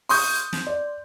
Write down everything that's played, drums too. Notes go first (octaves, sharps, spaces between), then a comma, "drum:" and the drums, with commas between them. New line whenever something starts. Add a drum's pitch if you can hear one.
C6 C#6 D#6 G6, drum: open hi-hat
drum: snare
D5